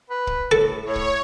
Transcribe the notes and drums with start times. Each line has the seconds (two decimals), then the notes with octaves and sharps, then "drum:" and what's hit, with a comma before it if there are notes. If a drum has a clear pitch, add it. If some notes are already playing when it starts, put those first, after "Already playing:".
0.10 B4
0.27 drum: kick
0.51 A2 A4
0.85 A2 C#5
0.96 drum: kick